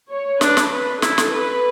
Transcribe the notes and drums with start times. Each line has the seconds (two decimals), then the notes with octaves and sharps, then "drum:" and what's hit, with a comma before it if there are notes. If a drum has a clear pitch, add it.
0.11 C#5
0.41 D4 B4, drum: snare
0.57 drum: snare
0.72 B4
1.02 E4 A4, drum: snare
1.18 drum: snare
1.33 B4